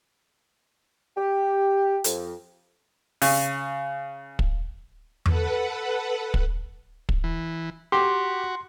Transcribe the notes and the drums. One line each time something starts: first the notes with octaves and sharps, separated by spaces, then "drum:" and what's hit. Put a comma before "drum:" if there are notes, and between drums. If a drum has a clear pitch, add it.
G4
F2, drum: hi-hat
C#3, drum: open hi-hat
drum: kick
A4 B4 F#5, drum: tom E2
drum: kick
drum: kick
E3
F#4 G4 C6